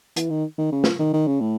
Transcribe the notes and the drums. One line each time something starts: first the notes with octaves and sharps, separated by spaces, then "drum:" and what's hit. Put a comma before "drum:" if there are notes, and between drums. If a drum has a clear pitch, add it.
E3, drum: hi-hat
D#3
D#3
C#3
drum: snare
D#3
D#3
C#3
A2